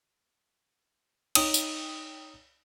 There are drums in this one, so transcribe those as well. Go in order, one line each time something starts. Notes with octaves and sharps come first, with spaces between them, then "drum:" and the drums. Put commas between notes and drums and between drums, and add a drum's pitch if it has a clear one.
D#4 C#5 G5 D#6 D#7, drum: cymbal
drum: tambourine